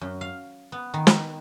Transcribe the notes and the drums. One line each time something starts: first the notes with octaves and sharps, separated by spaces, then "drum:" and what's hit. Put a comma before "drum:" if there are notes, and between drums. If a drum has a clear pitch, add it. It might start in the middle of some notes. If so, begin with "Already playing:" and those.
F#2
F5
B3
D#3
drum: snare